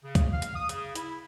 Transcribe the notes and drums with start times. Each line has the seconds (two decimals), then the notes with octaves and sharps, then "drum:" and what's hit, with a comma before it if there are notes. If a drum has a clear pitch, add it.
0.03 C#3
0.15 drum: kick, hi-hat
0.33 F5
0.42 drum: hi-hat
0.56 D#6
0.69 C#3, drum: hi-hat
0.95 E4, drum: hi-hat